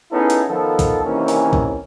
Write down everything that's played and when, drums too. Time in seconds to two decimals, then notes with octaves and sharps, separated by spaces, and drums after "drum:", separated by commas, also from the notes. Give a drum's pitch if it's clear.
0.11 B3 C#4 D#4 E4 G#4 A4
0.30 drum: hi-hat
0.48 D#3 F3 B3 A4
0.79 drum: kick, hi-hat
1.04 C3 D#3 E3 A#3 C#4
1.28 drum: open hi-hat
1.53 drum: kick